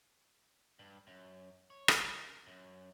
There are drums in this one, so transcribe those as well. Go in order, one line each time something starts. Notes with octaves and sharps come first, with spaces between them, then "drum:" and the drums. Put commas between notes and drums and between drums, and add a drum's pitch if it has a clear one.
G2
F#2
C#5
drum: rim click
A#4
F#2